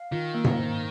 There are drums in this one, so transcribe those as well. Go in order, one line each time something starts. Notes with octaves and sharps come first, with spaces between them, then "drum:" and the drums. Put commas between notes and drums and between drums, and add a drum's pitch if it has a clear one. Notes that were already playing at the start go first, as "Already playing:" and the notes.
Already playing: F5
D#3 F4
A#3
drum: tom G#2
C5